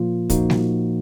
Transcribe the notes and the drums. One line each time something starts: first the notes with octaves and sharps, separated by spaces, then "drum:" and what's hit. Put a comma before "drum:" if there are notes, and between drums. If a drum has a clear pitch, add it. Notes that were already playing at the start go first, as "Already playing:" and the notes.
Already playing: A#2 F3 A#3 F4
A#2 F3 A#3 D#4 F#4, drum: kick, hi-hat
drum: snare